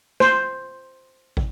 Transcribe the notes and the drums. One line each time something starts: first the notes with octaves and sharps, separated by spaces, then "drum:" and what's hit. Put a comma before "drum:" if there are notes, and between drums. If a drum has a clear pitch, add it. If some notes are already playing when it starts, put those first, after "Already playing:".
C5, drum: snare
drum: kick